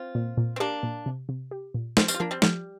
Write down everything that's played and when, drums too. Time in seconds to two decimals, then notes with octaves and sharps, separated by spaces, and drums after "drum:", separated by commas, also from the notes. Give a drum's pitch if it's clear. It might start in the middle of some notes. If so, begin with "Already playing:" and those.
Already playing: C4 F4
0.15 A#2
0.37 A#2
0.56 C4
0.60 A#3 D4 G4
0.83 A#2
1.06 C3
1.29 C3
1.51 G4
1.74 A#2
1.97 F3 G3 C4, drum: snare
2.08 G3 C4, drum: tambourine
2.14 F4
2.20 F3 A#3 D4
2.31 G3 C4
2.42 F3 G3, drum: snare